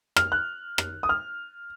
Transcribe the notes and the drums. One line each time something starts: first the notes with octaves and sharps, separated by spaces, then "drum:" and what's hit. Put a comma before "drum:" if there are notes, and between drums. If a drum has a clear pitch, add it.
F6, drum: rim click
F#6
drum: rim click
D#6
F6